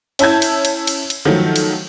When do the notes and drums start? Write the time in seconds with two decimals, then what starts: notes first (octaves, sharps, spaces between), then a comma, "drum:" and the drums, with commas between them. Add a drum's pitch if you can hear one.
0.19 C#4 E4 A5 G6 G#6, drum: cymbal
0.42 drum: cymbal
0.65 drum: cymbal
0.87 drum: cymbal
1.10 drum: cymbal
1.25 D#3 F3 F#3 A3
1.56 drum: cymbal